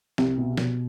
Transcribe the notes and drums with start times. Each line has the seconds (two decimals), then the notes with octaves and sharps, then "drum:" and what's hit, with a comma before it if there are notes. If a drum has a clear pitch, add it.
0.18 C2, drum: snare
0.38 B2
0.57 B2, drum: snare